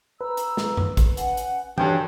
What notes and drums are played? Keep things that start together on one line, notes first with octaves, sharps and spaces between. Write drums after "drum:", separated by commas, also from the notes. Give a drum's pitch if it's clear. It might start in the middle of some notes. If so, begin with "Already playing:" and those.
B4 A#5 E6
drum: hi-hat
drum: snare
drum: tom F#2
drum: kick, hi-hat
C#4 F#5 G#5, drum: hi-hat
drum: hi-hat
G2 F#4 A4 C#5 G5 G#5, drum: tom E3